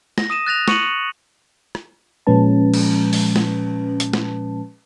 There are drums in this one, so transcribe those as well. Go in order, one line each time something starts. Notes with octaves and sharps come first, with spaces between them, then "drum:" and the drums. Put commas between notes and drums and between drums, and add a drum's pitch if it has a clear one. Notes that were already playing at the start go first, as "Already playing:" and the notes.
A#6, drum: snare
D#6 D#7 E7
F#6 A6 A#6 F7
C#6 C#7 D#7 F#7, drum: snare
drum: rim click
A#2 F3 G#3 C#4 B4 A5
drum: cymbal
drum: open hi-hat
drum: snare
drum: hi-hat
drum: snare